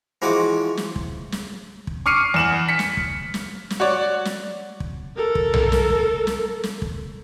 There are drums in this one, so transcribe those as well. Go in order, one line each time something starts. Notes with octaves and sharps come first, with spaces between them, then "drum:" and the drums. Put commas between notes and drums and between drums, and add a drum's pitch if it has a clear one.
E3 F3 G#3 F#4 D6
drum: snare
drum: kick
drum: snare
drum: kick
C#6 D6 F6 C7 C#7 D#7
E2 E7 F#7
B6 C#7
drum: snare
drum: kick
drum: snare
drum: snare
F#4 C#5 D5
drum: snare
drum: kick
A4 A#4
drum: kick
drum: tom B1
drum: snare
drum: kick
drum: snare
drum: snare
drum: kick